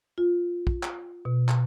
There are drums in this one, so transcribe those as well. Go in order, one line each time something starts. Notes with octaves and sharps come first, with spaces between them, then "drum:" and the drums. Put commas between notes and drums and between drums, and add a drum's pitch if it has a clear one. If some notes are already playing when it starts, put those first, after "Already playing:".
F4
drum: kick
drum: clap
B2
drum: clap